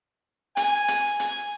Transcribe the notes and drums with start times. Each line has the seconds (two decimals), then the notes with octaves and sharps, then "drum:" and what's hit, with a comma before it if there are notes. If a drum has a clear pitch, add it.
0.57 G#5, drum: hi-hat
0.88 drum: hi-hat
1.20 drum: hi-hat